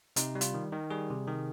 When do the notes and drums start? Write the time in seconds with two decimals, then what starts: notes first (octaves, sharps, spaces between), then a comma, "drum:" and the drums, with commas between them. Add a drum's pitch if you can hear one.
0.16 C3 D#4, drum: hi-hat
0.35 G3
0.41 F4, drum: hi-hat
0.54 D#3
0.72 D#3
0.90 G3 G#4
1.10 C3
1.27 D#3